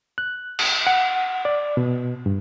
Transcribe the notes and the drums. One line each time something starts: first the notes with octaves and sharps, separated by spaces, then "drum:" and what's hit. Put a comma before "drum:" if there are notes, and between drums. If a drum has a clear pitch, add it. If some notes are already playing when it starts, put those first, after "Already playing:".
F#6
drum: cymbal
F#5
D5
B2
G2